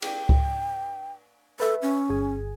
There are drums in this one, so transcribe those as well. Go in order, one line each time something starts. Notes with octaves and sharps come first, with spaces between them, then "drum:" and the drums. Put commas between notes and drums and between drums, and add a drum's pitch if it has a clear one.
G5, drum: cymbal
drum: kick C#2
A4 B4 E5
C#4
G1 G#4 G#5